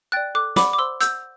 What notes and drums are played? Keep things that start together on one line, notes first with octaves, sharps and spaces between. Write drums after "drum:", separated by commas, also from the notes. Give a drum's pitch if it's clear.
D5 G5 F#6 A6
A4 D6 F#6
D5 F#5 B5 D6, drum: snare
D6
C5 C6 E6
F#5 E6 G6, drum: hi-hat